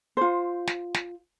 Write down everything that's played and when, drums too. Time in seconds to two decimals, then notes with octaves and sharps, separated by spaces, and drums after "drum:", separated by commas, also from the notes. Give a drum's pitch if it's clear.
0.17 F4 C5
0.67 drum: snare
0.94 drum: snare